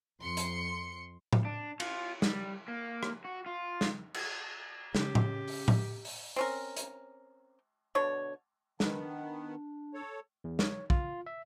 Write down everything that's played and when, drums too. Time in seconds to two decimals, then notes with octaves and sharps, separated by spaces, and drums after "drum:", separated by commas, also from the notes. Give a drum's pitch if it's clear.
0.21 F2 C6 C#7
0.37 drum: hi-hat
1.33 drum: tom A2
1.45 D4
1.80 F4, drum: cymbal
2.22 G3, drum: snare
2.68 A#3
3.03 drum: rim click
3.25 F#4
3.46 F4
3.81 drum: snare
4.14 drum: cymbal
4.95 C#3 G4, drum: snare
5.15 drum: tom A2
5.48 drum: open hi-hat
5.68 drum: tom A2
6.05 drum: open hi-hat
6.36 C4 C#4 A#4
6.77 drum: hi-hat
7.95 B2 D3 C#5
8.80 D#3 B3 D4, drum: snare
9.94 A4 C#5
10.44 E2
10.59 C#5, drum: snare
10.90 F4, drum: kick
11.26 E5